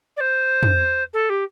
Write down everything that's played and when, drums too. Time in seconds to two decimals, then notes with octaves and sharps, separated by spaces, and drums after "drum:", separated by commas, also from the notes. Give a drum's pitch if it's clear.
0.17 D5
0.20 C5
0.63 drum: tom
1.13 A4
1.29 G4